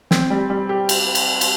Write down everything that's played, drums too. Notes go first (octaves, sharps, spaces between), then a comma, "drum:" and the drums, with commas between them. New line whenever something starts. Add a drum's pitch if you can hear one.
C4, drum: snare
G3
G3
G4
drum: cymbal
drum: cymbal
drum: cymbal